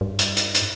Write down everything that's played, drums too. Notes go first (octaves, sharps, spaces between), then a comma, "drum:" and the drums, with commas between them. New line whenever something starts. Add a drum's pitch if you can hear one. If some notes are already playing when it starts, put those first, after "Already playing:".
G2
drum: hi-hat
drum: hi-hat
drum: hi-hat